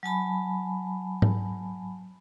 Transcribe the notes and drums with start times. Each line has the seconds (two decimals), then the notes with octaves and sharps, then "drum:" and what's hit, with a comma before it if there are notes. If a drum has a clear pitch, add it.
0.03 F#3 G#5 A5 B5
1.22 drum: tom G#2